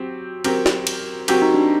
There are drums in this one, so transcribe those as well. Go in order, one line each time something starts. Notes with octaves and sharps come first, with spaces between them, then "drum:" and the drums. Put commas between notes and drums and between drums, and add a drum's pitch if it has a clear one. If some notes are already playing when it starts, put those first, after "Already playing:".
Already playing: F#3 C4 G4
F#3 C4 G4 A#4, drum: cymbal
drum: snare
drum: cymbal
F#3 C4 F#4 G4 A#4, drum: cymbal
D#4
D4